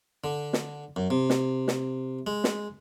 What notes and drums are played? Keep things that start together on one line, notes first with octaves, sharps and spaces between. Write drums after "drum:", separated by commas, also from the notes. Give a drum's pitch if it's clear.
D3
drum: snare
F#2
C3
drum: snare
drum: snare
G#3
drum: snare